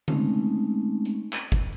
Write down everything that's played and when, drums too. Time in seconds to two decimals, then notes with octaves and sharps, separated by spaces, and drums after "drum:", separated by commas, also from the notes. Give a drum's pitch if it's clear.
0.08 G#3 A3 C4 C#4 D#4, drum: tom D3
1.05 drum: hi-hat
1.33 drum: clap
1.52 drum: kick G1